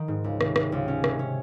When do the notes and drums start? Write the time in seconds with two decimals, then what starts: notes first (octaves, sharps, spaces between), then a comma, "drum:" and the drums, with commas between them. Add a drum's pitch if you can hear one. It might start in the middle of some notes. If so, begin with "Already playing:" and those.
Already playing: D#3
0.08 G#2
0.24 C#2
0.41 C3, drum: rim click
0.56 C3, drum: rim click
0.72 C#2
0.88 C#4
1.04 C3, drum: rim click
1.19 C#4